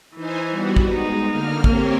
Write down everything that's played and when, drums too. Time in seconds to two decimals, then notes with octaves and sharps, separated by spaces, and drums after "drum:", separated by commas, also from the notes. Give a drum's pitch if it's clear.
0.16 E3 D#4 C5 G#5
0.50 G3 B3 F#4
0.76 drum: kick
0.93 G#3 D#4
1.29 D3 A#3 F6
1.64 A#3 C4 G4 C#5, drum: kick